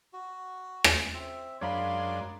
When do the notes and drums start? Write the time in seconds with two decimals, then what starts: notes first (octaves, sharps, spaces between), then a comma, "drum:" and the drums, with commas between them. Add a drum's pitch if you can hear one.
0.13 F#4
0.84 drum: rim click
1.14 C4 E5
1.61 F#2 G#3 D4 A#4 C#5 F5 B5 C6